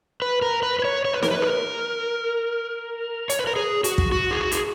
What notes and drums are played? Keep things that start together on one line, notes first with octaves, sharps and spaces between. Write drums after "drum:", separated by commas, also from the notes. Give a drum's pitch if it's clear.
B4
A#4
B4
B4
C#5
C#5
B4
A#4, drum: snare
B4
G#4
A#4
C#5, drum: hi-hat
B4
A#4
G#4
F#4, drum: hi-hat
drum: kick
F#4
G#4
F#4
G#4, drum: hi-hat